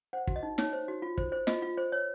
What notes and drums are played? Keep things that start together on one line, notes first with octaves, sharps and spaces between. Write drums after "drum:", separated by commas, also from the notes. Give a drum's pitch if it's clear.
C5 F#5
F#4, drum: kick
D#5
D#4
D#4 C#5, drum: snare
C5
F#4
F4
C5, drum: kick
C5
F4 D#5, drum: snare
F4
C5
C#5